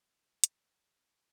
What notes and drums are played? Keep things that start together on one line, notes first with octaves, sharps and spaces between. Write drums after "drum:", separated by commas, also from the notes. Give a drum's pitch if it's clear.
G#4 G5 C#6 E7
drum: hi-hat